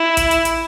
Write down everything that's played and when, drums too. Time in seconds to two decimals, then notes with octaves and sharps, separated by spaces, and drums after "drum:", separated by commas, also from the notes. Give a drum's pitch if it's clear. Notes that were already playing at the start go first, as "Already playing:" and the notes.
Already playing: E4
0.17 drum: kick, hi-hat
0.31 drum: hi-hat
0.45 drum: hi-hat